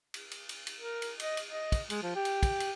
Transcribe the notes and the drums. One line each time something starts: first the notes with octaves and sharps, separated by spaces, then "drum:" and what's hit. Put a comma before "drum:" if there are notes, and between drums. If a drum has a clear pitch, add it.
drum: cymbal
drum: cymbal
drum: cymbal
drum: cymbal
A#4
drum: cymbal
D#5, drum: cymbal
drum: cymbal
D#5
drum: kick, cymbal
G#3, drum: cymbal
F3
G4
drum: cymbal
drum: kick, cymbal
drum: cymbal